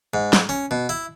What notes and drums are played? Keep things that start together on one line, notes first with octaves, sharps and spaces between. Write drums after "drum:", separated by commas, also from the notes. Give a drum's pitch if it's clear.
G#2
drum: snare
C#4
B2
E4